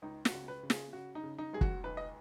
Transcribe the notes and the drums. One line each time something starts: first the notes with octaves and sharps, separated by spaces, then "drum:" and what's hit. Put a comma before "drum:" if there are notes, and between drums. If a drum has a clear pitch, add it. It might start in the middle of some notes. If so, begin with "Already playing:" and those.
C#2 D#4
F#4, drum: snare
C#3
B4
C#3
G#4, drum: snare
C#3 F#4
D#4
C#3
D#4
C#2 G#4
F#4, drum: kick
B1 B4
D#5